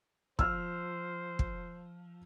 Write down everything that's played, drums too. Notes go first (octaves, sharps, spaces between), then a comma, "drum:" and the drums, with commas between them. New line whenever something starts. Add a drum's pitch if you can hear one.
F3 C5 E6 F6, drum: kick
drum: kick